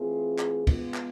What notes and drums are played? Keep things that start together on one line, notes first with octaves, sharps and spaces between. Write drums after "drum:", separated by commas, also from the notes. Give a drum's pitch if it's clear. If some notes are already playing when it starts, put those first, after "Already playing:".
Already playing: E3 A3 C4 F4 G#4
drum: clap
G#3 B3 F4, drum: kick, cymbal
drum: clap